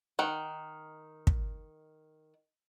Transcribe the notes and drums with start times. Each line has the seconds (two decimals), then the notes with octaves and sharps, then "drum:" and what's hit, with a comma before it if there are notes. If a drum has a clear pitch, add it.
0.19 D#3 F#5
1.27 drum: kick